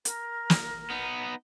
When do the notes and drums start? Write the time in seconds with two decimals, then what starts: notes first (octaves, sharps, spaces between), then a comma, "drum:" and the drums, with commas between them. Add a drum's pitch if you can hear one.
0.05 A#4, drum: hi-hat
0.50 drum: snare
0.90 B3 D#4